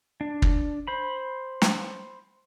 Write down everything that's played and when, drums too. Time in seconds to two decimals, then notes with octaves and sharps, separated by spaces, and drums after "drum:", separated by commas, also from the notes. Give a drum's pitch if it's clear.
0.21 D4
0.42 drum: kick
0.87 C5 B5
1.62 drum: snare